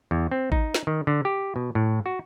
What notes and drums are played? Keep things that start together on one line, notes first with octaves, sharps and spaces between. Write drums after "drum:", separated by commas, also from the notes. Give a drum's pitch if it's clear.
E2
C4
D#4, drum: kick A1
drum: snare
D#3
D3
G4
B2
A2
F#4